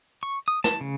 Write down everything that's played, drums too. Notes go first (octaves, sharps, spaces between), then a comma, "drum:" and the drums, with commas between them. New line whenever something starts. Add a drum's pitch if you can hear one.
C#6
D#6
A5, drum: snare
C#3